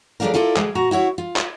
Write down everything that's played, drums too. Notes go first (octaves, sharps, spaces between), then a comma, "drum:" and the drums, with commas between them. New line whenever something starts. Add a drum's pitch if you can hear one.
F#3 G#3 A3 D4 F4 A#4
E4 F4 A4 A#4 D5
D2 G#3, drum: clap
A#2 F#4 A#5
E4 F#4 C#5 E5
F4
drum: clap